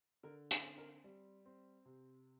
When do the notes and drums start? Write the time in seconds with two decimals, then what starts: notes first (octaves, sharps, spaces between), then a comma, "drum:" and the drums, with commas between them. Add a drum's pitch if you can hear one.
0.23 D3 A#4
0.51 G#4, drum: hi-hat
0.65 C4
0.78 A#4
1.04 G3
1.46 C4
1.86 C3